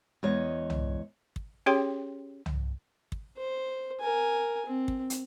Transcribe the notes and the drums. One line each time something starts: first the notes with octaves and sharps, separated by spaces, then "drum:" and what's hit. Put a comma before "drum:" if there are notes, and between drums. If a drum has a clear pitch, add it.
E2 G#3 C#5 D#5
drum: tom
drum: kick
C#4 G4 G#4 C#5 G5 C6
drum: tom
drum: kick
C5
A#4 G#5
C4
drum: kick
drum: hi-hat